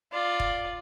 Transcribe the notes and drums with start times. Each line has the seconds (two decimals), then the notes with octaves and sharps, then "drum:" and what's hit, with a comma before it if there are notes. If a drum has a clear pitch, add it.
0.12 F4 D5
0.40 drum: kick